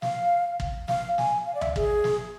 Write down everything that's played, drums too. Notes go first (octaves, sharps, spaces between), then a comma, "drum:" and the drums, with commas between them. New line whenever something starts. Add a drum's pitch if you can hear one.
F5, drum: snare
drum: kick
F5, drum: snare
G#5, drum: snare
F5
D5
E5, drum: tom D2
G#4, drum: kick
drum: snare